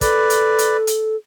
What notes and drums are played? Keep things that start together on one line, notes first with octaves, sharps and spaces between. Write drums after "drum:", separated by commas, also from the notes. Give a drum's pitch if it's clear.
A4 B4 D5, drum: kick, hi-hat
drum: hi-hat
drum: hi-hat
drum: hi-hat